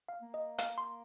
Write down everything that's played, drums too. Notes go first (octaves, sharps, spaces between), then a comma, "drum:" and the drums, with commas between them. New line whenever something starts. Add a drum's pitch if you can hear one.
F5
A#3
D#5
F5, drum: hi-hat
C6